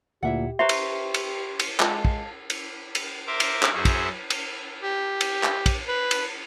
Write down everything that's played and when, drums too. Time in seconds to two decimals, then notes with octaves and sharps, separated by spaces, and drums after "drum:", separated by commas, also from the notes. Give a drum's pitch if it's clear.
0.23 D2 A#2 E4 G4 E5 F#5
0.59 B4 C5 E5 A#5 C6 C#6
0.69 drum: cymbal
1.14 drum: cymbal
1.59 drum: cymbal
1.80 G#3 F4 A5, drum: clap
2.05 drum: kick
2.50 drum: cymbal
2.95 drum: cymbal
3.27 A#4 C5 E5 D6
3.40 drum: cymbal
3.63 drum: clap
3.74 F#2 C#4 E4 G#4 C5 C#6
3.85 drum: kick, cymbal
4.30 drum: cymbal
4.83 G4
5.21 drum: cymbal
5.43 drum: clap
5.66 drum: kick, cymbal
5.88 B4
6.11 drum: cymbal